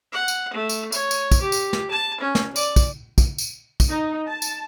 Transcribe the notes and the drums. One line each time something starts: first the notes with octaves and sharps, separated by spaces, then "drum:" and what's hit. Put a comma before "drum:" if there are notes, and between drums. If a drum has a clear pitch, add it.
F#5
drum: tambourine
A3
drum: tambourine
C#5, drum: tambourine
drum: tambourine
drum: kick, tambourine
G4
drum: tambourine
drum: snare
A5
C#4
drum: snare
D5, drum: tambourine
drum: kick, tambourine
drum: kick, tambourine
drum: tambourine
drum: kick, tambourine
D#4
A5
drum: tambourine